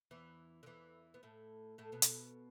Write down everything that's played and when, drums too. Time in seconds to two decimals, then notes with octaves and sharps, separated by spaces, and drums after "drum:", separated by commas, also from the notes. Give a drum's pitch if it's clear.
0.11 E2 E3
0.63 D3
0.66 E2 E3
1.14 B3
1.23 A2 A3
1.78 A2 A3
1.92 B2 B3
2.02 drum: hi-hat